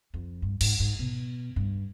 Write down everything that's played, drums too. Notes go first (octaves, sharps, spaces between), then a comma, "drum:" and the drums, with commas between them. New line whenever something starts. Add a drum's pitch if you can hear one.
F2
G2
G#2, drum: cymbal
G#2
B2
G2